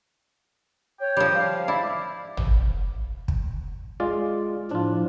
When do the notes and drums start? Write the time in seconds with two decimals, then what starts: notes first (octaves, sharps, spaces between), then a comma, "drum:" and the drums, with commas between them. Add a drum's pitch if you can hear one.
1.00 C#5 G5
1.17 F3 G3
1.35 F5
1.68 E4 D5
2.37 drum: tom
3.28 drum: kick
4.00 G#3 F4 D5
4.71 A2 F3 D4 F4